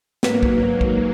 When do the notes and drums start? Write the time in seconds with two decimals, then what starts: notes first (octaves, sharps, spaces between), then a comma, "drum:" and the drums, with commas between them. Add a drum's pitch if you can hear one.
0.23 G#2 F#3 A#3 B4, drum: snare
0.43 drum: kick
0.81 drum: kick